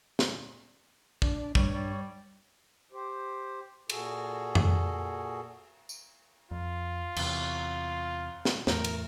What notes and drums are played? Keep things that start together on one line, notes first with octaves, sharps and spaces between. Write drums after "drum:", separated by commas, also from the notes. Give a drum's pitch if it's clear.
drum: snare
D4, drum: kick
G2 G3 C#5, drum: kick
G3
G4 C5
A#2 F#4 G#4 A4, drum: cymbal
drum: tom F2
drum: tambourine
F2 F4
E2 C3, drum: cymbal
drum: snare
E2 A2 A#4, drum: snare
drum: cymbal